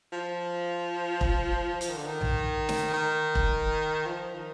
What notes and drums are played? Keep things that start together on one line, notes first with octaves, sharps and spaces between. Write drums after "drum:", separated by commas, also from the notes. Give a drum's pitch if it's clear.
F3
drum: kick E1
F3, drum: hi-hat
D#3
D3
D#3
drum: tom A#1
drum: snare
D#3
drum: kick E1
F3
D#3